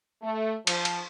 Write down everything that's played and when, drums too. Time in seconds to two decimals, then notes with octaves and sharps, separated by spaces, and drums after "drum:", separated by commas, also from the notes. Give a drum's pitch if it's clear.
0.22 A3
0.67 F3, drum: cymbal
0.85 drum: cymbal